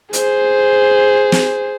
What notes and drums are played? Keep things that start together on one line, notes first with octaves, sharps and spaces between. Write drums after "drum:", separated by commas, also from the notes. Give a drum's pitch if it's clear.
G#4 C5, drum: hi-hat
drum: snare